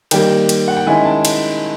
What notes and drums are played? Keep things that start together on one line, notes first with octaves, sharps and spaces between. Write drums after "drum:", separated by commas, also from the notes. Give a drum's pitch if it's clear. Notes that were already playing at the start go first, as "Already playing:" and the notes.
D#3 G3 A#3 G5, drum: cymbal
drum: cymbal
F#5
G5
D#3 G#3 C#4 E4 G#5
A5
drum: cymbal